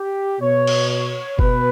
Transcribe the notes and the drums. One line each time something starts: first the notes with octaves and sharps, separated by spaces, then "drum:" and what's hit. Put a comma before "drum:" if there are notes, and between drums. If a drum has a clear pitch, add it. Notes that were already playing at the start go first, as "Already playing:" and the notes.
Already playing: G4
B2 C#5
drum: cymbal
C#5
B2 B4, drum: kick F#1